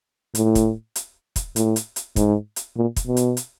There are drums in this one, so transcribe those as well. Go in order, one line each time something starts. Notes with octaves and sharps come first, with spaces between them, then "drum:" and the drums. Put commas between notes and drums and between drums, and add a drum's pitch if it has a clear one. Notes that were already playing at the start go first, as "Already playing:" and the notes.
A2, drum: hi-hat
drum: kick, hi-hat
drum: hi-hat
drum: kick, hi-hat
A2, drum: hi-hat
drum: hi-hat
drum: hi-hat
G#2, drum: kick, hi-hat
drum: hi-hat
A#2
drum: kick, hi-hat
B2
drum: hi-hat
drum: hi-hat